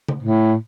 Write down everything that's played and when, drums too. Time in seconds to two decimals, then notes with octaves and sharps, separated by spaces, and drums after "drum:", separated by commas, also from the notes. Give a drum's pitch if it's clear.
0.08 drum: tom C#3
0.22 A2